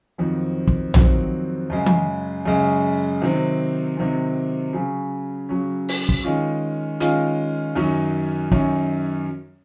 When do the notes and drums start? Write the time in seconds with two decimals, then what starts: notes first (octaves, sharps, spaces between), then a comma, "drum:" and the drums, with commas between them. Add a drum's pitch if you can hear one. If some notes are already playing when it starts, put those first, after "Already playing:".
0.18 F2 D#3 F#3 C4
0.67 drum: kick
0.94 F2 D#3 F#3 C4, drum: tom A#1
1.70 F#2 C#3 G#3
1.86 drum: tom E3
2.45 F#2 C#3 G#3
3.22 C3 D#3 F#3 C4
3.97 C3 D#3 F#3 C4
4.73 C#3 F#3 C#4
5.49 C#3 F#3 C#4
5.89 drum: open hi-hat
6.09 drum: kick
6.24 D#3 G#3 C#4 F4
7.00 D#3 G#3 C#4 F4, drum: hi-hat
7.76 F#2 D#3 F#3 C#4
8.51 F#2 D#3 F#3 C#4, drum: kick